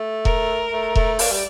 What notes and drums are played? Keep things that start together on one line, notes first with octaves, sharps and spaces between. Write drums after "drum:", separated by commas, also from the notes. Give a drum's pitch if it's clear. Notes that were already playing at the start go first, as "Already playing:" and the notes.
Already playing: A3
A#4, drum: kick E1
A3
A3, drum: kick E1
A#3 D5, drum: open hi-hat
G3